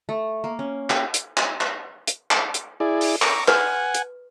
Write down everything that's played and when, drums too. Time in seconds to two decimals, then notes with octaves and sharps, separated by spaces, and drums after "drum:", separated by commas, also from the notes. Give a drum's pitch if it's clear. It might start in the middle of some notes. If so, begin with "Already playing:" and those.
0.09 A3
0.44 A#3
0.59 C#4
0.90 G4, drum: clap
1.14 drum: hi-hat
1.37 drum: clap
1.61 drum: clap
2.07 drum: hi-hat
2.31 drum: clap
2.54 drum: hi-hat
2.80 E4 G#4 D5
3.01 drum: open hi-hat
3.22 A#5 C#6 D6, drum: clap
3.48 B4 F#5 G#5, drum: clap
3.94 drum: hi-hat